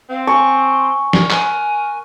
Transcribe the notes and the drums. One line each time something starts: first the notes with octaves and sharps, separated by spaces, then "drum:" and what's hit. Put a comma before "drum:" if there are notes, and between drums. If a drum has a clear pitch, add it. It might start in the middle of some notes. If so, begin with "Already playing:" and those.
C4 F5
G#5 C6 C#6
A#4, drum: snare
G#5 F6 F#6, drum: clap